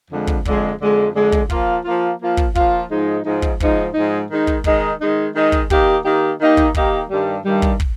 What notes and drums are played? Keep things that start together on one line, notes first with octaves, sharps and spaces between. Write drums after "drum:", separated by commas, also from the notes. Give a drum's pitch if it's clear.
F2 D3 G#3
drum: kick
F2 D3 G#3, drum: kick
F2 D3 G#3
F2 D3 G#3
drum: kick
F3 A#3 F4, drum: kick
F3 A#3 F4
F3 A#3 F4
drum: kick
F3 A#3 F4, drum: kick
G#2 F3 G#3 D#4
G#2 F3 G#3 D#4
drum: kick
G#2 F3 G#3 D#4, drum: kick
G#2 F3 G#3 D#4
D#3 G#3 D#4
drum: kick
D#3 G#3 D#4, drum: kick
D#3 G#3 D#4
D#3 G#3 D#4
drum: kick
D#3 A#3 D#4 G4, drum: kick
D#3 A#3 D#4 G4
D#3 A#3 D#4 G4
drum: kick
D#3 A#3 D#4 G4, drum: kick
G2 D#3 G3
G2 D#3 G3
drum: kick
drum: kick